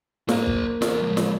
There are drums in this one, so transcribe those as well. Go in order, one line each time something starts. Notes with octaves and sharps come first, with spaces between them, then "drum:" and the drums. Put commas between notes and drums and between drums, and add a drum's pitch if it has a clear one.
A#3 A#4 C5, drum: snare
drum: kick
E2 A#4, drum: snare
F3 G#3
drum: snare